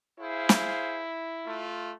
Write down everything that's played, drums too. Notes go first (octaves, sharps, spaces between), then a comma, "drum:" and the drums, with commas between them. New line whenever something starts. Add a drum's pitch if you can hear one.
E4 G#4 C5 F5
drum: snare
A3 F4